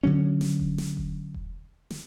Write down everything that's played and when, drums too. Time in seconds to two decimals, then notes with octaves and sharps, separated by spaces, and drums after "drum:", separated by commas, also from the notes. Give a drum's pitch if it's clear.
0.03 D3 F#3 C#4
0.41 drum: snare
0.60 drum: kick E1
0.78 drum: snare
0.97 drum: kick E1
1.34 drum: kick E1
1.91 drum: snare